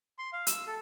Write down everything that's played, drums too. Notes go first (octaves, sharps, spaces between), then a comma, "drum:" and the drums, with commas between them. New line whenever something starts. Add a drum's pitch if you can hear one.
C6
F5
E6, drum: hi-hat
A4